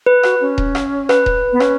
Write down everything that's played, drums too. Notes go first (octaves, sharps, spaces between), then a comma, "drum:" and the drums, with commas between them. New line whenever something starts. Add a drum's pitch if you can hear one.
B4
F#4, drum: rim click
C#4
drum: kick D#1
drum: rim click
B4, drum: rim click
drum: kick D#1
B3
C#4, drum: rim click